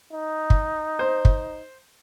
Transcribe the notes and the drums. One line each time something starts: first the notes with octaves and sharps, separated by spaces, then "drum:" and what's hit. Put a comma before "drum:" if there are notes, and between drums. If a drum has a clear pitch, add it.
D#4
drum: kick
C5
drum: kick